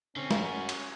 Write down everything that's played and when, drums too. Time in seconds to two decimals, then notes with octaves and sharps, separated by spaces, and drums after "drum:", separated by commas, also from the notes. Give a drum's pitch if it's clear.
0.16 D3 C4 C#4
0.31 F#4 A#4, drum: snare
0.69 drum: cymbal